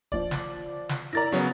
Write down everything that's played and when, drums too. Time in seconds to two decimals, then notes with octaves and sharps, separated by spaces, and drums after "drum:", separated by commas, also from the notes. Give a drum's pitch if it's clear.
0.12 F3 D5, drum: kick
0.31 drum: snare
0.89 drum: snare
1.13 E4 A#4 D5 A#5 A6 A#6
1.32 C#3 F#3 B3 C#5